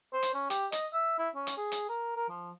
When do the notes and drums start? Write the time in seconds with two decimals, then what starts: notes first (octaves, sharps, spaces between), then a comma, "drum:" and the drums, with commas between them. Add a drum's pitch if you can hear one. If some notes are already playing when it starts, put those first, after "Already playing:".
0.13 C5
0.23 drum: hi-hat
0.34 C#4
0.50 G4, drum: hi-hat
0.72 D#5, drum: hi-hat
0.93 E5
1.19 E4
1.35 C#4
1.47 drum: hi-hat
1.57 G#4
1.72 drum: hi-hat
1.89 A#4
2.16 A#4
2.29 F3